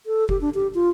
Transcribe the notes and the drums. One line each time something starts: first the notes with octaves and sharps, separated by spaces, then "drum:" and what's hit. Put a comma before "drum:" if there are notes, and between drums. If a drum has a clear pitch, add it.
A4
G4, drum: kick F1
D4
G4
F4